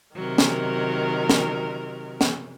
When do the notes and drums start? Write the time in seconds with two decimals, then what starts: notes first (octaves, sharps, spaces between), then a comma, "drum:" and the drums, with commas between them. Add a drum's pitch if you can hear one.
0.16 C3 D#3 F#3 A#4
0.38 drum: snare
1.30 drum: snare
2.21 drum: snare